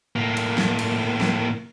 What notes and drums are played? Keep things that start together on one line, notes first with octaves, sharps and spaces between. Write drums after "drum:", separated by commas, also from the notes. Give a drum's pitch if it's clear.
A2 A#3
drum: cymbal
drum: snare
drum: cymbal
drum: snare